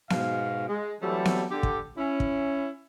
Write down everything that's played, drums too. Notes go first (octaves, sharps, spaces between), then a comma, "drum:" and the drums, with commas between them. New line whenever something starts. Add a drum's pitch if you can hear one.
G#2 B2 F5, drum: snare B3
G#3
E3 F#3 G3 A3 C4 A4
drum: snare B3
D3 G4
drum: kick
C#4 E4
drum: kick